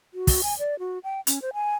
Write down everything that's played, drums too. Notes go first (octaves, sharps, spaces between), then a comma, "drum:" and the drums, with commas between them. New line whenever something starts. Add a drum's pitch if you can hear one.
F#4
drum: kick, open hi-hat
G#5
D5
F#4
G5
C#4, drum: hi-hat
C5
G#5